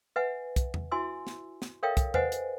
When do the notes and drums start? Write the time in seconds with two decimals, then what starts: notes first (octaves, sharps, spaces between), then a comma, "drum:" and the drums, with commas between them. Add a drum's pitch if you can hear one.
0.16 B4 E5 F#5 G#5
0.56 drum: kick, hi-hat
0.74 drum: tom E2
0.91 E4 F#4 E5 G#5 C6 E6
1.27 drum: snare
1.62 drum: snare
1.83 A4 A#4 C#5 E5 F5 G5
1.97 drum: kick, hi-hat
2.14 B4 C5 D#5 F#5 G#5, drum: tom E2
2.32 drum: hi-hat